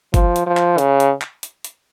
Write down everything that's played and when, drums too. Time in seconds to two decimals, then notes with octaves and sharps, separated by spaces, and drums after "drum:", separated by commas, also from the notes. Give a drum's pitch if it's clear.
0.14 F3, drum: kick G1, hi-hat
0.36 drum: hi-hat
0.47 F3
0.57 drum: clap
0.78 C#3, drum: hi-hat
1.00 drum: hi-hat
1.22 drum: clap
1.43 drum: hi-hat
1.64 drum: hi-hat